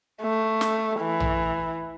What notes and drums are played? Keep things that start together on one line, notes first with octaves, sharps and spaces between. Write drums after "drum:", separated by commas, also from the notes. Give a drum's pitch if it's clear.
A3
drum: snare
E3
drum: tom A#1